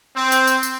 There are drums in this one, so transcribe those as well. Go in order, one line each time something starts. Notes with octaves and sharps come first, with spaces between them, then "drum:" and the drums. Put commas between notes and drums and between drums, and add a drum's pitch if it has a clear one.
C4
drum: tambourine
drum: tambourine
drum: tambourine